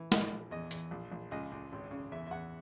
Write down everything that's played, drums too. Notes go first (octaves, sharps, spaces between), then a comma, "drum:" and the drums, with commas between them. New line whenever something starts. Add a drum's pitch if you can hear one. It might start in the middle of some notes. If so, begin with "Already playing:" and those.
Already playing: E3
A#1, drum: snare
A#1
E2 D#5
E2, drum: hi-hat
A#1
A#1
C#2 D#5
C#2
G#1
C#3
E2 E5
E5
E2 F#5